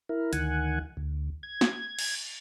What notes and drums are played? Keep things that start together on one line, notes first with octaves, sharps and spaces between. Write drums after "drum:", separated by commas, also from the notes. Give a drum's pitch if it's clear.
E4 A#4
D2 D#3 F#5 G#5, drum: hi-hat
D2
G#6
drum: snare
drum: cymbal